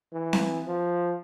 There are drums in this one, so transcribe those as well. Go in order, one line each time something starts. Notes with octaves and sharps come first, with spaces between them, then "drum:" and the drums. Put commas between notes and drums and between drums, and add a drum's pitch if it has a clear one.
E3
drum: snare C4
F3